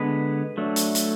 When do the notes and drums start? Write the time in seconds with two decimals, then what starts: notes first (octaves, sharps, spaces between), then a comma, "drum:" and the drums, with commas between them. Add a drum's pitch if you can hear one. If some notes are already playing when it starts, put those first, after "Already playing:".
Already playing: D3 G#3 B3 B4
0.57 F#3 A3 D4
0.76 drum: hi-hat
0.95 drum: hi-hat